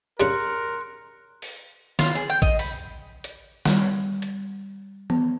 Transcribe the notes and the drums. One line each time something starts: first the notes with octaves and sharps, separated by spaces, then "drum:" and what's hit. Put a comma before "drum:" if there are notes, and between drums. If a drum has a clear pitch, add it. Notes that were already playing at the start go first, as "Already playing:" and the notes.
C#3 G3 A#4 C6 F#6 C#7
drum: open hi-hat
F4, drum: snare
G#4
G5
D#5, drum: kick
B5, drum: open hi-hat
drum: hi-hat
G3, drum: snare
drum: hi-hat
B3, drum: tom